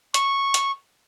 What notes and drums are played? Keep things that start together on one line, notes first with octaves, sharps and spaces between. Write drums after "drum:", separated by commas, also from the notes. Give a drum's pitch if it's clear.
C#6, drum: hi-hat
drum: hi-hat